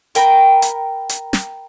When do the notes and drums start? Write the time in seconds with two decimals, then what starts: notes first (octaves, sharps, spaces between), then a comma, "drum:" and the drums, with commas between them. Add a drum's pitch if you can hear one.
0.15 A#4 G5 A#5 B5, drum: hi-hat
0.62 drum: hi-hat
1.09 drum: hi-hat
1.33 drum: snare